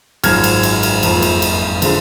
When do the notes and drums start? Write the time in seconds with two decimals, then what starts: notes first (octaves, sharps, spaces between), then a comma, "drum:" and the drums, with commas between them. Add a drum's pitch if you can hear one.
0.24 G#1 F#2 F3 F6 G#6, drum: cymbal
0.44 drum: cymbal
0.63 drum: cymbal
0.83 drum: cymbal
1.03 F#1 F2 F3, drum: cymbal
1.22 drum: cymbal
1.42 drum: cymbal
1.82 D3 F3 G#3, drum: cymbal